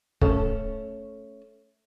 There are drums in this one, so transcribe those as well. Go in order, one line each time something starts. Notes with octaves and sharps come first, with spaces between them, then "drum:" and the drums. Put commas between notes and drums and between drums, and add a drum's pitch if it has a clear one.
A3 C#4 A4, drum: kick